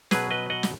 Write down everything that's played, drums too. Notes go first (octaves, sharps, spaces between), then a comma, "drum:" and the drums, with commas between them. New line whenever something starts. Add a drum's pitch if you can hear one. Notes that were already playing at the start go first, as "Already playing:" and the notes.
B2 F#3 G#4 B4, drum: snare
B4 D#5
D#5 F#5
drum: snare